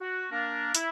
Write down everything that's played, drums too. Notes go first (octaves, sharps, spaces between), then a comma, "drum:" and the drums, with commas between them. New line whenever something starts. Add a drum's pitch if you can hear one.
F#4
A#3 D4 A#4
E4, drum: hi-hat